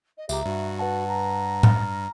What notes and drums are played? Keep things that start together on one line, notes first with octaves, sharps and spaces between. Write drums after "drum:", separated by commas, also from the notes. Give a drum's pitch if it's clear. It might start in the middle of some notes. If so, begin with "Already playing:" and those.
D#5
C#2 G4 E5 A#5, drum: tambourine
G2 F#4
B4 F#5 A5
A#5
F6, drum: tom A2